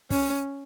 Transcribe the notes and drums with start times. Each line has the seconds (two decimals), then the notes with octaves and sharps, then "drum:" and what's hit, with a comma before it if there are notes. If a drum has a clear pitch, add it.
0.10 C#4, drum: kick, open hi-hat